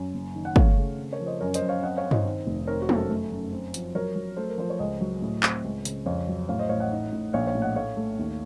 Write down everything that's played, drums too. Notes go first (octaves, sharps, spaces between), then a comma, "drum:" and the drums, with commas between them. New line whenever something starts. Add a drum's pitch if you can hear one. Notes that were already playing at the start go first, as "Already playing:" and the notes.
Already playing: F#2 C#5
F#1
D#3
F#5
A3 C#5 F5, drum: kick
C#3
C4
A#4 C#5
F3
C5 D#5
F#2 A#4 C#5
C5 D#5, drum: hi-hat
F#2
C#5 F5
C4 D#5 F#5
C#5 F5
C4
C5 D#5, drum: tom G2
D#3
F1
C4 A#4 C#5
F#4 A#4
F#2, drum: tom G#3
A4
A3
F#2
C4
F3, drum: hi-hat
F#3 A#4 C#5
F#3
A3 A4 C5
A#4
F3 C5
C#5
C#2 C5 D#5
F#3
A2
C4, drum: clap
C#2
C#3, drum: hi-hat
F2 C#5 F5
F#3
A2 C#5 F5
C5 D#5
A1 C#5 F5
D#5 F#5
D#4
A2
A#1 C#5 F5
C#5 F5
A2
D#5 F#5
A3 C#5 F5
A3
D#2